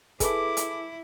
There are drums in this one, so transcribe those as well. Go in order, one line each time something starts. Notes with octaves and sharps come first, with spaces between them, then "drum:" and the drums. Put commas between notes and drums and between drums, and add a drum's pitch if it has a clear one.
E4 G#4 A4 B4 D6, drum: kick, hi-hat
drum: hi-hat